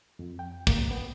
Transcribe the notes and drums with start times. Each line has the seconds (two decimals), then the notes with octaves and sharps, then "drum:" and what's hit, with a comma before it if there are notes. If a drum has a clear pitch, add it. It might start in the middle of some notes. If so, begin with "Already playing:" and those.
0.19 F2
0.39 G5
0.67 A#3, drum: kick
0.91 B3